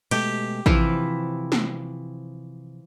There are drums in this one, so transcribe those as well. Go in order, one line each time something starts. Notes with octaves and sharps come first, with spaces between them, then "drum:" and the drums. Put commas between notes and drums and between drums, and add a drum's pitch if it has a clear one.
B2 G#3 A3 G4, drum: cymbal
C3 E3 F3 E4, drum: kick
drum: snare